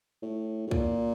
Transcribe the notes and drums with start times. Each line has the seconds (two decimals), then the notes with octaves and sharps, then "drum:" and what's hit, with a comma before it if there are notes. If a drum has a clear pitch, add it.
0.22 A2
0.68 A2
0.71 A#2, drum: kick